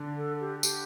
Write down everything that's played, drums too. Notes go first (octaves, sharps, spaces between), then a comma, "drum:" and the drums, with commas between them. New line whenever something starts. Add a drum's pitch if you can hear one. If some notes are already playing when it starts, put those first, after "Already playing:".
Already playing: D3 D4
A4
G4
G4, drum: tambourine